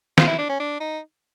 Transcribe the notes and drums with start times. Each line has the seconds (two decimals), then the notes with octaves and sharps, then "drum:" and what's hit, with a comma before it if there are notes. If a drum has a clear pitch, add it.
0.18 F4, drum: snare
0.27 E4
0.38 D4
0.49 C#4
0.60 D4
0.80 D#4